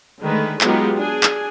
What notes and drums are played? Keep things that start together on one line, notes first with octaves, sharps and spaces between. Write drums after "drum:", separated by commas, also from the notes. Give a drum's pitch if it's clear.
D3 D#3 G#3 A3 B4
F#3 G#3 B3 D#4 F4 G4, drum: clap
D4 G#4 G#5
drum: clap